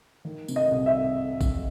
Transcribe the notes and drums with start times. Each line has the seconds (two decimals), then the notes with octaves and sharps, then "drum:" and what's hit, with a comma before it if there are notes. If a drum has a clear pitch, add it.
0.25 D#3
0.48 C3, drum: tambourine
0.56 D#5
0.71 C2
0.86 E5
1.41 drum: kick A1, tambourine